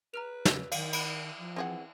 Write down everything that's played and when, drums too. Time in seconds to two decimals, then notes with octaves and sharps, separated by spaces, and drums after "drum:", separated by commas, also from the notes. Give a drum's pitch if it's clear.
0.14 B4 A#5 F6 F7
0.45 C#3 E6 G#6 B6, drum: snare
0.72 D#3 D5 F5, drum: cymbal
0.93 B5, drum: cymbal
1.38 F3
1.56 E3 C4 G#4 F#5